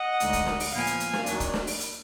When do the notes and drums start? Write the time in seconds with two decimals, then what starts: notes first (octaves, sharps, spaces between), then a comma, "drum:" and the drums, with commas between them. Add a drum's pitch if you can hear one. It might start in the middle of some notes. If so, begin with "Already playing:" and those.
Already playing: D#5 F#5
0.20 D2 D3 G#3 D#4, drum: hi-hat
0.33 drum: kick, hi-hat
0.46 drum: snare
0.60 drum: open hi-hat
0.73 A#2 F3 B3 F5 G#5
0.87 drum: hi-hat
1.00 drum: hi-hat
1.13 drum: snare
1.26 D#2 D#3 F#3 D4, drum: hi-hat
1.40 drum: kick, hi-hat
1.54 drum: snare
1.67 drum: open hi-hat
1.80 drum: hi-hat